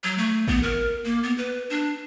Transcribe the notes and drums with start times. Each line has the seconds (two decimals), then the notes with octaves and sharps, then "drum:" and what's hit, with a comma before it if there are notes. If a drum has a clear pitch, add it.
0.04 F#3
0.18 A3
0.48 B3, drum: kick
0.63 A#4
1.04 A#3
1.23 B3
1.38 B4
1.70 D4